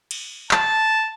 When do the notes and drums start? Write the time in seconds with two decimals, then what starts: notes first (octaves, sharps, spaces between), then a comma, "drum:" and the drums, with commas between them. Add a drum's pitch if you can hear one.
0.11 drum: cymbal
0.51 A5, drum: clap